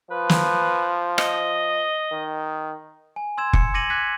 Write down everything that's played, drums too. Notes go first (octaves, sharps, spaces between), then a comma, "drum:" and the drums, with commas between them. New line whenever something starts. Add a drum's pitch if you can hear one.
F3 B4
drum: snare
D#5, drum: rim click
D#3
G#5
C6 E6 G#6 E7
C#7, drum: kick F1
D6 G#6 A#6 C#7 D#7 F#7
D6 F#6 G#6 B6 D#7